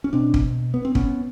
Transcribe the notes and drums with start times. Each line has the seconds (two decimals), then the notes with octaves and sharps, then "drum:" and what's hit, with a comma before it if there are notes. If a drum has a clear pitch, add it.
0.04 C#4
0.13 B2 C4 D4
0.34 drum: kick
0.74 B3
0.85 C4
0.95 B3 C#4, drum: kick